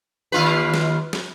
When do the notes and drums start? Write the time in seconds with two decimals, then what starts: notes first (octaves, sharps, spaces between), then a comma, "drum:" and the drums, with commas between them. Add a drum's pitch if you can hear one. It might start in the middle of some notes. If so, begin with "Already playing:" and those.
0.32 D#2 F4 B4
0.74 drum: snare
1.13 drum: snare